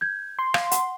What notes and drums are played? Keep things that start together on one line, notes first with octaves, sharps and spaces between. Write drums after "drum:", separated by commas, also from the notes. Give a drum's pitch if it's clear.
G6 G#6
C6
F5, drum: rim click
F#5, drum: hi-hat